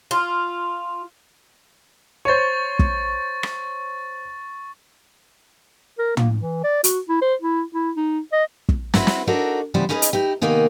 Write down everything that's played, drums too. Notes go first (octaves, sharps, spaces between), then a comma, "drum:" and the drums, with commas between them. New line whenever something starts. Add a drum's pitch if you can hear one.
F4
C5 C#5 C#6 A6
drum: kick
drum: rim click
A#4
A#3, drum: tom
E3
D5
F#4, drum: hi-hat
E4
C5
E4
E4
D#4
D#5
drum: kick
C4 E4 F#4 B4, drum: snare
drum: snare
D4 D#4 F#4 A4 A#4 C#5
C#3 E3 G3 B3 C5
C#4 D#4 G#4 B4 C#5 D#5
drum: hi-hat
D#4 E4 G4
C3 D#3 A#3 B3 D#4 G#4